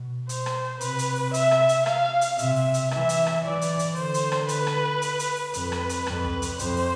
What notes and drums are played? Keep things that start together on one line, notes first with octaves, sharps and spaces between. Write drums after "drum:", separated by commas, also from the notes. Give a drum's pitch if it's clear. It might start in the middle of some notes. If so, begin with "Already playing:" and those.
Already playing: B2
C5, drum: hi-hat
drum: rim click
C3 B4, drum: hi-hat
drum: hi-hat
drum: open hi-hat
E5, drum: hi-hat
drum: rim click
drum: hi-hat
F5, drum: rim click
drum: hi-hat
C3 E5, drum: hi-hat
drum: open hi-hat
drum: hi-hat
E3 E5, drum: rim click
drum: hi-hat
drum: rim click
E3 D5
drum: hi-hat
drum: hi-hat
D3 C5, drum: open hi-hat
drum: hi-hat
drum: rim click
B4, drum: hi-hat
drum: rim click
drum: hi-hat
drum: hi-hat
drum: open hi-hat
F2 B4, drum: hi-hat
drum: rim click
drum: hi-hat
F2, drum: rim click
drum: tom C#2
drum: hi-hat
F2 C5, drum: hi-hat
drum: open hi-hat